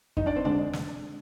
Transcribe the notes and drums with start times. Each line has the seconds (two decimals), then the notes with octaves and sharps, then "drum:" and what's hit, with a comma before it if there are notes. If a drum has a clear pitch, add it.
0.17 D#4 D#5, drum: kick F2
0.26 D4 D5
0.35 C4 C5
0.45 D3 G#3 D4 D5
0.73 drum: snare